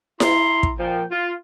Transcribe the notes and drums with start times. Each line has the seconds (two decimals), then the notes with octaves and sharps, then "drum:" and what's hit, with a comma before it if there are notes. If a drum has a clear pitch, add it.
0.20 E4 A#5 C6, drum: snare E4
0.63 drum: kick
0.78 A#2 F3 G5
1.11 F4